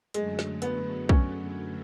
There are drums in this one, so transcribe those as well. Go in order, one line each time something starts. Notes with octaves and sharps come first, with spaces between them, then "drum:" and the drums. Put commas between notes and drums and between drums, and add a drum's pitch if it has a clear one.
F#2 D3 F#3 G#3 A3, drum: hi-hat
drum: snare
B3, drum: hi-hat
C#4, drum: kick